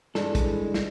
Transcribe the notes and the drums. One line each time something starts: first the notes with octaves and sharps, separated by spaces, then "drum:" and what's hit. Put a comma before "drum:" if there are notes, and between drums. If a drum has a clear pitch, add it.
G2 E3 G#3 A4, drum: snare
drum: kick, hi-hat
drum: snare